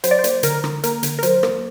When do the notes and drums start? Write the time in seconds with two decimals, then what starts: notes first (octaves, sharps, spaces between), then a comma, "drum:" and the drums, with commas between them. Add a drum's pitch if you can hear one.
0.04 F#3 C5, drum: hi-hat
0.11 D5
0.19 C5
0.24 A#3, drum: hi-hat
0.43 D3 A#4, drum: hi-hat
0.64 D3, drum: rim click
0.84 A#3 A#4, drum: hi-hat
1.03 D3, drum: hi-hat
1.19 A#4
1.23 F#3 C5, drum: hi-hat
1.43 A#3, drum: rim click